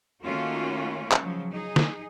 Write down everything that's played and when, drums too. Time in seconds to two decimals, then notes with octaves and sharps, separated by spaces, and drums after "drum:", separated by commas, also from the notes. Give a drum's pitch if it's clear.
0.24 D#3 A3 A#3 C#4 F4 F#4
1.12 drum: clap
1.21 C#3 F3 F#3
1.51 D#4 G#4
1.76 drum: snare